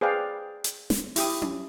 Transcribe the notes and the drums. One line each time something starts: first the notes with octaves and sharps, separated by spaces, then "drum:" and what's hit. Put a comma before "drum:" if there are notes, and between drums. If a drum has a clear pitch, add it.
G#4 B4 C5 D5 F5 G5
drum: hi-hat
drum: snare
E4 G4 D#6, drum: open hi-hat
drum: tom C#4